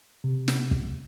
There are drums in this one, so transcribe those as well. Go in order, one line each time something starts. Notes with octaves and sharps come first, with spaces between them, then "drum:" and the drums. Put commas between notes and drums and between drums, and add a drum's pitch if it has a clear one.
C3
drum: snare
drum: kick